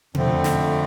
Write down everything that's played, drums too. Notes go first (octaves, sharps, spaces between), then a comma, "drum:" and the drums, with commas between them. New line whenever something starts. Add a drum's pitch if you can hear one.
F2 D3 F3 A3 C4, drum: tom B2
drum: snare